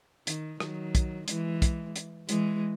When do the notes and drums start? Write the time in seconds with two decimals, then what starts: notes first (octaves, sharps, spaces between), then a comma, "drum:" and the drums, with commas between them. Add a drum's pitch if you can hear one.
0.27 D#3, drum: hi-hat
0.60 D#3 F#3, drum: rim click
0.95 drum: kick, hi-hat
1.28 E3 G#3, drum: hi-hat
1.62 drum: kick, hi-hat
1.96 drum: hi-hat
2.29 E3 G#3, drum: hi-hat